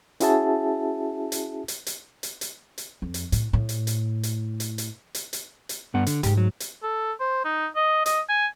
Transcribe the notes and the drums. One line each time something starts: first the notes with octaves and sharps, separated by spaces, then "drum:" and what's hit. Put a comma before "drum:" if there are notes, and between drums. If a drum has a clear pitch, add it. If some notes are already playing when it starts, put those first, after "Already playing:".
C#4 E4 F#4 G#4 E5 A5, drum: hi-hat
drum: hi-hat
drum: hi-hat
drum: hi-hat
drum: hi-hat
drum: hi-hat
drum: hi-hat
F2
drum: hi-hat
A2, drum: hi-hat
A2
drum: hi-hat
drum: hi-hat
drum: hi-hat
drum: hi-hat
drum: hi-hat
drum: hi-hat
drum: hi-hat
drum: hi-hat
G2 B3 F#5
D3, drum: hi-hat
G#2 A3 G4, drum: hi-hat
F#3
drum: hi-hat
A4
C5
D#4
D#5
D#5, drum: hi-hat
G#5